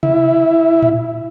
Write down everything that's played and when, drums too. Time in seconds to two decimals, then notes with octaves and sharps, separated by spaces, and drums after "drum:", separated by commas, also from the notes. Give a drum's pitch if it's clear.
0.03 E4, drum: tom C3
0.82 drum: tom A2